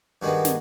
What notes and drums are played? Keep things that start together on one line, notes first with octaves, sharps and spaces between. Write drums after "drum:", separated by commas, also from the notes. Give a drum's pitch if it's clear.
G2 D#3 G#3 B3 F#4
drum: snare